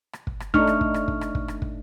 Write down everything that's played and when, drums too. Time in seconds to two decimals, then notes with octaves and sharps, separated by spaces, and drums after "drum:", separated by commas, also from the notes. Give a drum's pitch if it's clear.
0.13 drum: rim click
0.27 drum: kick
0.40 drum: rim click
0.54 A3 D4 D#4 C#6 F6, drum: kick
0.67 drum: rim click
0.81 drum: kick
0.94 drum: rim click
1.08 drum: kick
1.21 drum: rim click
1.35 drum: kick
1.48 drum: rim click
1.62 drum: kick